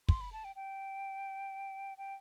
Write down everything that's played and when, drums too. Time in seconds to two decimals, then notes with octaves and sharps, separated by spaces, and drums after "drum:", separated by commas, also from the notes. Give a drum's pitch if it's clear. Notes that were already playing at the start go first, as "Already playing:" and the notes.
0.09 C6, drum: kick
0.21 B5
0.32 A5
0.44 G5
0.56 G5
1.98 G5